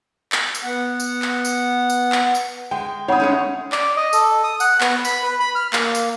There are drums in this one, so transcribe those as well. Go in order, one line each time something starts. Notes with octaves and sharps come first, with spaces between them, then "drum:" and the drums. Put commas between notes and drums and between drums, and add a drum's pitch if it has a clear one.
drum: clap
drum: tambourine
B3 F#5
drum: tambourine
drum: clap
drum: tambourine
drum: tambourine
drum: clap
drum: tambourine
G#3 G5
C4 D#4 C#5 F#5 B5 D#6
G#3 A3 C#4
D5, drum: clap
D#5
A4, drum: tambourine
D#6
F#5, drum: tambourine
B3, drum: clap
B5, drum: tambourine
B4
B5
F6
A#3, drum: clap
drum: tambourine